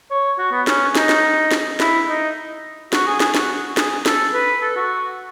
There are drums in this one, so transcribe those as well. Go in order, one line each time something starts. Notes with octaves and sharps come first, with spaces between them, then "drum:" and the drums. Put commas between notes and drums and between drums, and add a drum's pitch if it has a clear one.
C#5
F#4
B3
C#4, drum: snare
D#4, drum: snare
drum: snare
drum: snare
E4, drum: snare
D#4
F#4, drum: snare
G#4
G#4, drum: snare
F#4, drum: snare
G#4, drum: snare
A4, drum: snare
B4
A4
F#4